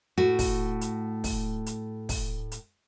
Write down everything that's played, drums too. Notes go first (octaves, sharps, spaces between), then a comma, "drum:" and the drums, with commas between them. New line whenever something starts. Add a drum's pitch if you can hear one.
A2 F#4
drum: kick, open hi-hat
drum: hi-hat
drum: kick, open hi-hat
drum: hi-hat
drum: kick, open hi-hat
drum: hi-hat